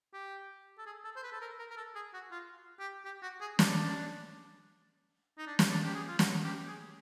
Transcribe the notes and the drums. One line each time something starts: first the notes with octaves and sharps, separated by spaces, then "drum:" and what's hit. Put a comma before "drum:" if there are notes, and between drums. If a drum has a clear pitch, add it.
G4
A4
G#4
A4
C5
B4
A4
A#4
A#4
A#4
A4
G#4
F#4
F4
G4
G4
F#4
G#4
D4, drum: snare
D#4
D4
drum: snare
D4
G4
G#4
F4
F#4, drum: snare
G4
G#4